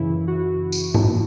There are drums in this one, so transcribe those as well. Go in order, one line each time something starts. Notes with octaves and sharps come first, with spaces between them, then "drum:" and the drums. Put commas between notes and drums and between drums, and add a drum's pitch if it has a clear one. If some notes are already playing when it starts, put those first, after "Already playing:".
Already playing: F#2 C#3 E3 E4
F#4
drum: tambourine
drum: tom G#2